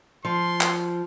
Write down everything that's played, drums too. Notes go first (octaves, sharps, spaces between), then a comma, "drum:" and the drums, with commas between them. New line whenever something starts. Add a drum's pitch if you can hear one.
F3 C6
drum: clap